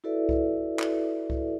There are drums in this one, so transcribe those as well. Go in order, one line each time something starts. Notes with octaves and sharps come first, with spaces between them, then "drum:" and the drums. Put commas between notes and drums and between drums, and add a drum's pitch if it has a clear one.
E4 F#4 A4 B4 D5 E5
drum: kick C2
drum: clap
drum: kick C2